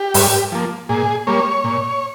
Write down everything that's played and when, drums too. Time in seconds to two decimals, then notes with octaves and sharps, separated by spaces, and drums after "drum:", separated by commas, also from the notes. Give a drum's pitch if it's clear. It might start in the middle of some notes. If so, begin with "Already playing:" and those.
Already playing: G4
0.14 G2, drum: open hi-hat
0.52 F3 A#3
0.89 A#2 G#4
1.27 G3 A#3 C#5
1.64 A#2